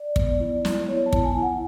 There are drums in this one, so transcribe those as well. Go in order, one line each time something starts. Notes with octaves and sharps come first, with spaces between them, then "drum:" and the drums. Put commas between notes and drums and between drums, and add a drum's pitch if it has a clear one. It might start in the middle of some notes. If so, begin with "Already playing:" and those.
Already playing: D5
B3, drum: kick
E4
E4, drum: snare
B3 C#5
A5
E4, drum: kick
G#5
E4
F#5